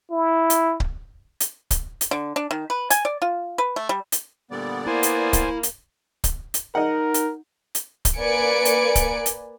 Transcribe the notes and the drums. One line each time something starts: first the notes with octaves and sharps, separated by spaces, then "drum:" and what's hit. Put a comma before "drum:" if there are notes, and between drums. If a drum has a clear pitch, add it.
E4
drum: hi-hat
drum: kick C#1
drum: hi-hat
drum: kick C#1, hi-hat
drum: hi-hat
D3
D4
D#3
B4
G#5, drum: hi-hat
D5
F4
B4
A3
G3
drum: hi-hat
A#2 D3 G3 B3 D5
A#3 E4 C5 G#5
drum: hi-hat
drum: kick C#1, hi-hat
drum: hi-hat
drum: kick C#1, hi-hat
drum: hi-hat
D#4 A#4 D#5 F#5
drum: hi-hat
drum: hi-hat
drum: kick C#1, hi-hat
A#3 B4 D5 G#5 C#7 D7
drum: hi-hat
drum: kick C#1, hi-hat
drum: hi-hat